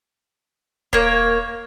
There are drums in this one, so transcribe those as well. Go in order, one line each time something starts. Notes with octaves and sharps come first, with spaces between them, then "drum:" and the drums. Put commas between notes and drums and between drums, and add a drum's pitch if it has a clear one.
A#3 C#5, drum: kick D#1